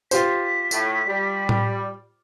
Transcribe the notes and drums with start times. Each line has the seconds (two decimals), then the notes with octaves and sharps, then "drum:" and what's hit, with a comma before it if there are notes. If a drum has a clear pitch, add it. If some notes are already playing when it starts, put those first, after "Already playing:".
0.11 F4 G4 C5 B6, drum: tambourine
0.71 A2, drum: tambourine
1.08 G3
1.49 drum: tom A2